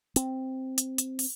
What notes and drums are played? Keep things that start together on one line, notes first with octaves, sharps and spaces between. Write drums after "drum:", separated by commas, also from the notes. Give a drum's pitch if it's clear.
C4, drum: hi-hat
drum: hi-hat
drum: hi-hat
drum: open hi-hat